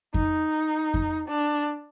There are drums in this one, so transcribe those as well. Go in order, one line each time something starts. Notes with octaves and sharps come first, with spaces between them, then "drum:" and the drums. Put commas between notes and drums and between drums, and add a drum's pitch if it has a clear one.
D#4, drum: kick F2
drum: kick F2
D4